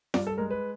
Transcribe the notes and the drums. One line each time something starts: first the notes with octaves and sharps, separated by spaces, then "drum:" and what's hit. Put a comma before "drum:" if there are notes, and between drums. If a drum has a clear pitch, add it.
G2 D5, drum: snare F4
A4
G#3 A#4
B4